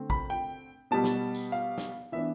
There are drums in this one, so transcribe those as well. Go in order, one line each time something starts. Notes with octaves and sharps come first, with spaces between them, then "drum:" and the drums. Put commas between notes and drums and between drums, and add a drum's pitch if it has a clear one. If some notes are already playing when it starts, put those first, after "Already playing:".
Already playing: D3 A3 C4
B5, drum: kick
G5
B2 G3 B3 A5
drum: snare
drum: tambourine
F5
drum: snare
E3 B3 D4 E5